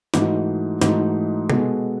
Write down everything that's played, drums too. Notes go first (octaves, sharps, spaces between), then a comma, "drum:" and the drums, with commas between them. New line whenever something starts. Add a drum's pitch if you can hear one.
G#2 E3 A3 D#4 F#4, drum: snare
G#2 E3 A3 D#4 F#4, drum: snare
B2 G#3 B3 F#4 A4, drum: tom C3